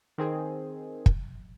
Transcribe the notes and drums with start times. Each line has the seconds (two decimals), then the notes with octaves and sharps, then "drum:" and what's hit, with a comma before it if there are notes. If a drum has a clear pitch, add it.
0.18 D#3 C4 G#4
1.06 drum: kick